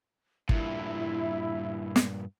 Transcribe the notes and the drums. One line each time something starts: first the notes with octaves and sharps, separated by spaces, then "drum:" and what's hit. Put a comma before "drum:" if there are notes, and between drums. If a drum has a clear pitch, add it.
G2 A#2 E4 E5, drum: kick
drum: snare